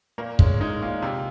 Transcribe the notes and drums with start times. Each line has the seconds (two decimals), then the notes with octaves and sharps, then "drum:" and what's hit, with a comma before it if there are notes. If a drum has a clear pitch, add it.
0.18 A#2 A#3
0.39 G#3 C#4, drum: kick
0.61 G#3 D#4
0.82 A#2 F4
1.02 C3